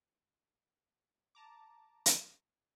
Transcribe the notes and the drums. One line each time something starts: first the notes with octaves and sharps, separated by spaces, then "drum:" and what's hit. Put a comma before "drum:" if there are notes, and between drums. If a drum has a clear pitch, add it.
A5 A#5 D6
drum: hi-hat